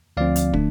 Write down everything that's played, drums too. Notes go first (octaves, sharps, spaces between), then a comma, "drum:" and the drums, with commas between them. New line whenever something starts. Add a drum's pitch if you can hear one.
D2 D3 F3 C4 D5 F5
drum: hi-hat
D3 A3 D4, drum: kick